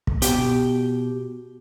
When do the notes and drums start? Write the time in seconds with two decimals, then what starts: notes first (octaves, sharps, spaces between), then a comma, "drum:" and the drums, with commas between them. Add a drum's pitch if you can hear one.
0.07 drum: kick
0.22 B2 G4, drum: hi-hat